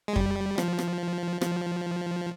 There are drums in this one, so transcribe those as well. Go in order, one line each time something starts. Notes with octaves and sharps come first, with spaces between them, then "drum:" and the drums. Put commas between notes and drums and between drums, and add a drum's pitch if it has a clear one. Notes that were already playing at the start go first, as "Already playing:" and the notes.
G#3
G3, drum: kick F2
F3, drum: rim click
drum: rim click
F3, drum: rim click